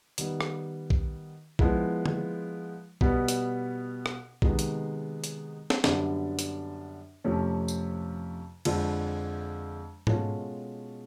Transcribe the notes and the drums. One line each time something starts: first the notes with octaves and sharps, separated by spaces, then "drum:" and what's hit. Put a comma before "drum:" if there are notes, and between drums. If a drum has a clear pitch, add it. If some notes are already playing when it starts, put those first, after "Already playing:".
D#3 G3 B3, drum: hi-hat
drum: rim click
drum: kick B1
F3 G#3 B3 E4, drum: kick B1
drum: tom D3
B2 G3 B3, drum: kick B1
drum: hi-hat
drum: rim click
C3 D#3 G#3 B3, drum: kick B1
drum: hi-hat
drum: hi-hat
drum: snare
F#2 D3 G3 B3 D4, drum: snare
drum: hi-hat
F2 C3 F3 A3 C#4
drum: tambourine
F2 D3 F3 G#3, drum: cymbal
B2 G#3 C#4 F4 A4, drum: tom G#2